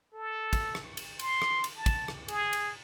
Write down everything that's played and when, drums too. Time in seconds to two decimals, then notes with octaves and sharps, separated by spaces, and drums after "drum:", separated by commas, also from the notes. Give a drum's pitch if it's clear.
0.14 A4
0.53 drum: kick, cymbal
0.75 drum: rim click
0.97 drum: cymbal
1.19 C6, drum: cymbal
1.42 drum: rim click
1.64 drum: cymbal
1.76 A5
1.86 drum: kick, cymbal
2.08 drum: rim click
2.28 G#4, drum: cymbal
2.53 drum: cymbal